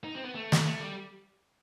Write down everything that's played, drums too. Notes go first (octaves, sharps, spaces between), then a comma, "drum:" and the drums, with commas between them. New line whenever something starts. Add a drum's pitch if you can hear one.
D#4
C4
B3
A3
drum: snare
A3
G3